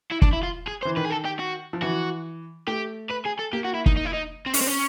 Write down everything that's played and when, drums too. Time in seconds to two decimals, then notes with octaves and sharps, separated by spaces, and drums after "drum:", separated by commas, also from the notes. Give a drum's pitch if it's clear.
0.11 E4
0.22 D4, drum: kick
0.33 E4
0.43 F4
0.68 G#4
0.83 E3 C5
0.97 D#3 B4
1.05 G#4
1.11 A4
1.26 G4
1.39 F#4
1.73 F3
1.82 E3 F#4
2.67 A3 G4
3.10 B4
3.25 G#4
3.39 A4
3.53 A#3 G4
3.64 F#4
3.74 E4
3.86 D#4, drum: kick
3.96 D#4
4.05 E4
4.13 D#4
4.46 C4
4.54 C#4, drum: open hi-hat
4.61 C4
4.67 C#4